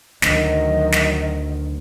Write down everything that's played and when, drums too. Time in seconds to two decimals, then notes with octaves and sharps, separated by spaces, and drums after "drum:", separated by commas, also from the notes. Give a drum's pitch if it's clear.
0.22 D2 D#3 F#3 D#5, drum: snare
0.92 drum: snare